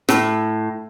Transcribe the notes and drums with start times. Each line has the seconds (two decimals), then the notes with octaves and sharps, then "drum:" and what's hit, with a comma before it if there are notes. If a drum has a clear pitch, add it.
0.09 A2, drum: rim click